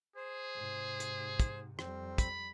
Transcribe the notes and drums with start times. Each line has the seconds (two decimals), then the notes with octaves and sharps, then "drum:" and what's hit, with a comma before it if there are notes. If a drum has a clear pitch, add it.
0.16 G#4 C5
0.55 G#2 C3
1.00 drum: hi-hat
1.40 drum: kick, hi-hat
1.79 F2 G3 C4, drum: rim click
2.18 B5, drum: kick, hi-hat